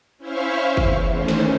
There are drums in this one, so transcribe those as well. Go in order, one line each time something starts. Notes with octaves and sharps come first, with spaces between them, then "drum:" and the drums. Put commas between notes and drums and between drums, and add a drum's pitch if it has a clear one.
C#4 E4 C5 E5 F5 C#6
E2, drum: kick
D#3 E3 A3 C#4 C5
drum: snare